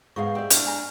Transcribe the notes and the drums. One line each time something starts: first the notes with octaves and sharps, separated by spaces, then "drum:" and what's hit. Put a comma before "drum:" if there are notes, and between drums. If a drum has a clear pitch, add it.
G#2 G#3 B3 D#4 G#4 F5 C#6
G4 D5 E5
D4 E4 F6, drum: hi-hat
G#5 A#5